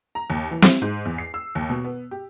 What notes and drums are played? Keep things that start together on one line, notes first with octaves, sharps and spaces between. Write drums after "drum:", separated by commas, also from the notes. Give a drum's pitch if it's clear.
A#5
D#2
E3
E4, drum: snare
G#2
E2
C7
E6
D#2
B2
B3
G4